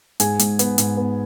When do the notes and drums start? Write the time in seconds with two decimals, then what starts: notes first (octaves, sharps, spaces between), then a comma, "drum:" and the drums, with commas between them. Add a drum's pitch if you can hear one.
0.20 G#2 G#4 G#5, drum: hi-hat
0.39 G#2, drum: hi-hat
0.59 B3, drum: hi-hat
0.78 G#2, drum: hi-hat
0.97 B3